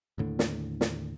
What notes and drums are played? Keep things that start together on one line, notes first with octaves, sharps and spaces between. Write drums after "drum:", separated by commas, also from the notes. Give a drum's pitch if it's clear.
D#2 A2 D3
drum: snare
drum: snare